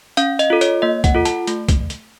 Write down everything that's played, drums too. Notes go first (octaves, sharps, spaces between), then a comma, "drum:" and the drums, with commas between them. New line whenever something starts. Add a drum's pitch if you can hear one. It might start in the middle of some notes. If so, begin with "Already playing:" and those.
C#4 F5, drum: hi-hat
D#5, drum: hi-hat
F4 A4
C#5, drum: hi-hat
A#3 D#5
F#5, drum: kick, hi-hat
F4 A4
A5, drum: hi-hat
A3, drum: hi-hat
drum: kick, hi-hat
drum: hi-hat